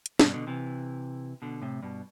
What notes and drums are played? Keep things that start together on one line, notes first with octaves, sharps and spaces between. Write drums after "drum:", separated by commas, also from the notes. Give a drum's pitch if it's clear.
drum: hi-hat
G2 B2, drum: snare
B2 D3
C3 E3
B2 D3
A2 C3
G2 B2